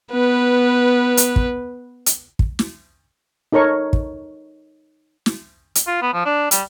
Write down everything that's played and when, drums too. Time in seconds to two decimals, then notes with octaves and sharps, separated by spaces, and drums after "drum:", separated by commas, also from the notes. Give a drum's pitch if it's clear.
0.12 B3 B4
1.17 drum: hi-hat
1.36 drum: kick
2.06 drum: hi-hat
2.39 drum: kick
2.59 drum: snare
3.53 D#4 A4 A#4 C#5 C#6
3.93 drum: kick
5.26 drum: snare
5.75 drum: hi-hat
5.87 F4
6.02 B3
6.13 F3
6.25 D4
6.51 G3, drum: hi-hat